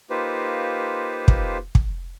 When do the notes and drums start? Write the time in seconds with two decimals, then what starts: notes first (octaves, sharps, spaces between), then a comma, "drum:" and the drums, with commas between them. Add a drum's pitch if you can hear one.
0.10 A#3 D#4 F4 G4 B4 C5
1.28 drum: kick
1.75 drum: kick